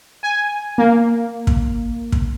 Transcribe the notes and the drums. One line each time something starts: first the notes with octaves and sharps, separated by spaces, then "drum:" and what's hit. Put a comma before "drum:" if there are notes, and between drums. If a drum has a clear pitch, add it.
G#5
A#3
drum: kick
drum: kick